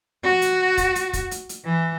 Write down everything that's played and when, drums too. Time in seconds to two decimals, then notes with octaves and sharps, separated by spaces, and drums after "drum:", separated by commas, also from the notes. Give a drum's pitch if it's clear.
0.24 F#4
0.42 drum: hi-hat
0.77 drum: kick, hi-hat
0.95 drum: hi-hat
1.13 drum: kick, hi-hat
1.31 drum: hi-hat
1.49 drum: hi-hat
1.64 E3